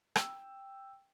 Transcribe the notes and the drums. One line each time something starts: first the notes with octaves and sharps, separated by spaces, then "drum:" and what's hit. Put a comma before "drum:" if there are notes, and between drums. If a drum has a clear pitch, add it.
G5 E6, drum: rim click